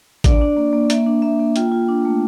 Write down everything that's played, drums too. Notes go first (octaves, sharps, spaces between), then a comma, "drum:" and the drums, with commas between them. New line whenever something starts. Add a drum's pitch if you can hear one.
D4 D5, drum: kick A1, hi-hat
D4
A#3
A#3
A#3 E5, drum: hi-hat
D4
A#3 E5
A#3
F4 G5, drum: hi-hat
F4
D4
A3